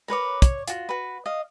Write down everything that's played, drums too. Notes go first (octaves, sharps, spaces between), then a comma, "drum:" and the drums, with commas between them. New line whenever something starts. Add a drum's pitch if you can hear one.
A#4 B4 C#5 D6
C#5, drum: kick, hi-hat
F4 F#4, drum: hi-hat
F#4 B4
D#5 F5